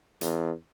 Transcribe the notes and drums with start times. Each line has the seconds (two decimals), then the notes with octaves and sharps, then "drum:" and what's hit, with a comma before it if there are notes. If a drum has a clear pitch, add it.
0.21 E2, drum: hi-hat